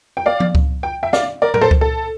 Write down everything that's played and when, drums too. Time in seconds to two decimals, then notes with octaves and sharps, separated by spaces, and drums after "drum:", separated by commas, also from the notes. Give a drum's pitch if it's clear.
0.17 G5
0.26 D5 F5
0.40 drum: tom F3
0.55 drum: kick C#2
0.83 G5
1.03 E5 G5
1.13 D5 F5, drum: snare
1.42 A#4 D5
1.54 A#4, drum: tom A2
1.61 A4 C5
1.71 drum: kick C#2
1.81 A4